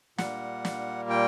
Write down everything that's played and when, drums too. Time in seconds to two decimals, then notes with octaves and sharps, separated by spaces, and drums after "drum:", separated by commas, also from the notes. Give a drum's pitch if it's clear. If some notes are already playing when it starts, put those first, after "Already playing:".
0.18 A#2 G3 A#3 F#5, drum: snare
0.65 drum: snare
1.10 G5